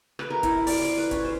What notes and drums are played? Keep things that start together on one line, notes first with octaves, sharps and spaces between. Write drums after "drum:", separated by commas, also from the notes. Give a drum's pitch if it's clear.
B4, drum: rim click
A#4
E4, drum: kick, hi-hat
D5, drum: open hi-hat
C6
B4
C#4, drum: kick, hi-hat
C5